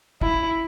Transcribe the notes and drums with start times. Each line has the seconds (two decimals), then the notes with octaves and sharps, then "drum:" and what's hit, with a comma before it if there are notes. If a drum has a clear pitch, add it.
0.21 E4, drum: kick